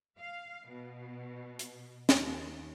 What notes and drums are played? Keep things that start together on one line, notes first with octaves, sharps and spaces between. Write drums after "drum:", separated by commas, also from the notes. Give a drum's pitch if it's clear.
F5
B2
drum: hi-hat
D#2, drum: snare